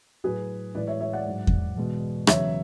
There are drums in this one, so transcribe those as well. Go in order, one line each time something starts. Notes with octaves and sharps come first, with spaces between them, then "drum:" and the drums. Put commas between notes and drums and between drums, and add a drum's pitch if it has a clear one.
A2 F#3 G#4 B4
A2 E3 G#3 B4 D5
C#5 E5
C#5 E5
D5 F#5
G#2 F#3
drum: kick E2
E2 B2 G#3
E2 C#3 F#3 C#5 E5, drum: rim click